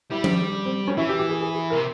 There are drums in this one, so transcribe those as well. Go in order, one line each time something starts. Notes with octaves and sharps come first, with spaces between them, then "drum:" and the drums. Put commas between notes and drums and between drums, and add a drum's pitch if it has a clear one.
G3 E4
drum: tom F3
C4
C#4
E3 E4
G4
G4
G#4
G#4
G#4
C3 A#4